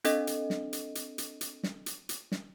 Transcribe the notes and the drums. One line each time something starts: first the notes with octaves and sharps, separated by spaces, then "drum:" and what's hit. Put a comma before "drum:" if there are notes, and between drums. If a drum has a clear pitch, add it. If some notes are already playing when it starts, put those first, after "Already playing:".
C4 D4 A4 D#5, drum: hi-hat
drum: hi-hat
drum: snare
drum: hi-hat
drum: hi-hat
drum: hi-hat
drum: hi-hat
drum: snare
drum: hi-hat
drum: hi-hat
drum: snare